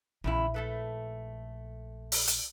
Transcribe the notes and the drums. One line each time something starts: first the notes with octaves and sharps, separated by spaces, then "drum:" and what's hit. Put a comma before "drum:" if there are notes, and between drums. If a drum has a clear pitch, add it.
A#1 E2 C#3 E4
A3 A4 B4
drum: open hi-hat
drum: hi-hat